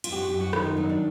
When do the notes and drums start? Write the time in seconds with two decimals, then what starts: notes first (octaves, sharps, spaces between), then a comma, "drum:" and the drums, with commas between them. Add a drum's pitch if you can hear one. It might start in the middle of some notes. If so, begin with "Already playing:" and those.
0.04 F#2 F4, drum: cymbal
0.12 G4
0.17 F#4
0.28 F#2 G4
0.41 F#4
0.53 D#3 F4, drum: rim click
0.65 D#4
0.77 F#3 D#4
0.89 D4